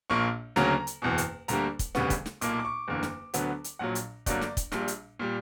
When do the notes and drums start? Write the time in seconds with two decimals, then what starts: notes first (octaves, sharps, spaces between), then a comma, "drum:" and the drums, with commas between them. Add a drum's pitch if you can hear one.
0.10 A#1 A#2 A#3 C#6
0.56 D2 C#3 F#3 A#3 A#5, drum: snare
0.87 drum: hi-hat
1.02 F#1 E2 B2
1.18 drum: hi-hat
1.48 D2 D3 G3 A#3 A#5, drum: hi-hat
1.79 drum: kick, hi-hat
1.95 E1 D2 C#3 G3 B3 C#6, drum: snare
2.10 drum: kick, hi-hat
2.26 drum: snare
2.41 B1 A#2 A#3 D6, drum: hi-hat
2.59 D6
2.65 C#6
2.88 F#1 E2 D3 A#3
3.03 drum: snare
3.34 D2 D3 F#3 B3, drum: hi-hat
3.64 drum: hi-hat
3.79 A#1 A#2 F#3 F#5
3.95 drum: hi-hat
4.26 G1 G2 D3 F#3 A#3 D5, drum: kick, hi-hat
4.41 drum: snare
4.57 drum: kick, hi-hat
4.72 A#1 A#2 G3, drum: snare
4.88 drum: hi-hat
5.19 A#2 G3